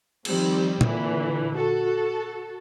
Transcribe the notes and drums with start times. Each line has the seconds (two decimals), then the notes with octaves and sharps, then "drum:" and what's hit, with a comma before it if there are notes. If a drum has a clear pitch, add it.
0.25 D#3 F3 G3 C4, drum: cymbal
0.81 A#2 D3 E3, drum: tom A#2
1.55 F#4 A4